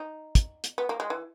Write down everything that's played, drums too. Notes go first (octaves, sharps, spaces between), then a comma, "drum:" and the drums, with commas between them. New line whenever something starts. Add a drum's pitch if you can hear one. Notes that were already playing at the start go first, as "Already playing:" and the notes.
Already playing: D#4
drum: kick, hi-hat
drum: hi-hat
B3
A#3
G#3
E3